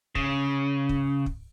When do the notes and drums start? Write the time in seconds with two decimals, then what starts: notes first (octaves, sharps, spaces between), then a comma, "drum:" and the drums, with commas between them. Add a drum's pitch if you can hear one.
0.15 C#3, drum: kick
0.89 drum: kick
1.26 drum: kick